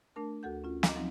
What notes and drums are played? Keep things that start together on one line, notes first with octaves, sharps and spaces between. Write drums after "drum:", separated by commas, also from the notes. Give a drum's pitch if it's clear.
A3 D4 A#4 A5
D2 F#4 A4 F#5 G6
C#4 F4
D#5 A#5 D6, drum: snare
F3 F#3 C4 D#4